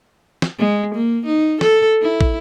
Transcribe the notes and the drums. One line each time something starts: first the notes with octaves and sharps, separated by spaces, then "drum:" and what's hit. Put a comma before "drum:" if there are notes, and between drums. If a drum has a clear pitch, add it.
drum: snare
G#3
A#3
D#4
A4, drum: snare
E4
drum: kick